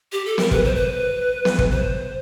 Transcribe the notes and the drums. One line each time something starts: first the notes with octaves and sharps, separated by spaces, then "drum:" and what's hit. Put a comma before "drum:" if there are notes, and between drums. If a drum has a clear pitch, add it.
G4
A4
A#4, drum: snare B3
B4, drum: kick
C5
B4
drum: snare B3
drum: kick
C5